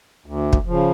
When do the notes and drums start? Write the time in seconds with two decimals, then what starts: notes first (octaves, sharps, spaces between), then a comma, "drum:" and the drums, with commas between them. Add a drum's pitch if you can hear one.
0.26 D2
0.53 drum: kick
0.66 C#3 F3